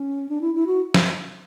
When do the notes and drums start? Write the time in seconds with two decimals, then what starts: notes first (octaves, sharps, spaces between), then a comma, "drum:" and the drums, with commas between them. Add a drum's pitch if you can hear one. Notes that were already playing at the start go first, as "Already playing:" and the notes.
Already playing: C#4
0.29 D4
0.41 E4
0.55 E4
0.67 F#4
0.94 drum: snare